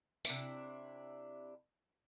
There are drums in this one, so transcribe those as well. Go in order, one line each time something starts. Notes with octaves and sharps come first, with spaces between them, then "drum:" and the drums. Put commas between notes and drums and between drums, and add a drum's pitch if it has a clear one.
C3 D4 E4, drum: tambourine